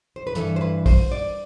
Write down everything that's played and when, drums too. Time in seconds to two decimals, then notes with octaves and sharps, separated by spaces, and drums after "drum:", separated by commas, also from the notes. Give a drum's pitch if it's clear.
0.16 C5
0.27 B4
0.35 G2 E3 A4, drum: hi-hat
0.56 C5
0.61 B4
0.86 C5, drum: kick, open hi-hat
1.12 D5